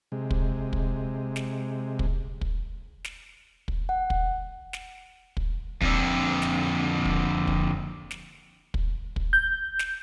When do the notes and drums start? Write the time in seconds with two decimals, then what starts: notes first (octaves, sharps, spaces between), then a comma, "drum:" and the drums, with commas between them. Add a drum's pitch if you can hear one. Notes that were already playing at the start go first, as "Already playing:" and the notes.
0.12 C3 G#3
0.31 drum: kick
0.73 drum: kick
1.36 drum: snare
1.99 drum: kick
2.41 drum: kick
3.05 drum: snare
3.68 drum: kick
3.89 F#5
4.10 drum: kick
4.73 drum: snare
5.37 drum: kick
5.82 F2 D3, drum: kick
6.42 drum: snare
7.05 drum: kick
7.48 drum: kick
8.11 drum: snare
8.74 drum: kick
9.16 drum: kick
9.33 G6
9.79 drum: snare